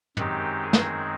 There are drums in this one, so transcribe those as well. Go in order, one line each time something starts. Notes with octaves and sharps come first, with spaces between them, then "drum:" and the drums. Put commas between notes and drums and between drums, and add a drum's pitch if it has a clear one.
F#2 D#3 G#3 C4 D#4 G4, drum: tom
G#4
drum: snare